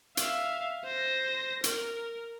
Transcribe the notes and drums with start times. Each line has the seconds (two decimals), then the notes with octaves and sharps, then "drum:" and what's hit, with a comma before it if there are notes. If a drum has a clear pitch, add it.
0.17 E5 F5, drum: hi-hat
0.85 C5 A#6
1.64 A#4, drum: hi-hat